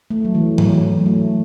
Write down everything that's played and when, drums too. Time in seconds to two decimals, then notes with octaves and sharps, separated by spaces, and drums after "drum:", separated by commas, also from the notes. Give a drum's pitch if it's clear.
0.10 A3
0.25 F#3
0.35 E3
0.58 F#3, drum: tom G#2
1.01 F#3
1.06 A3